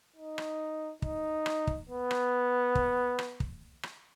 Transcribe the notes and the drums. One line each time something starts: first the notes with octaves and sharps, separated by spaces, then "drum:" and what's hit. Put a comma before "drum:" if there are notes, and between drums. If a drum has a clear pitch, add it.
D#4
drum: rim click
D#4, drum: kick
drum: rim click
drum: kick
B3
drum: rim click
drum: kick
drum: rim click
drum: kick
drum: rim click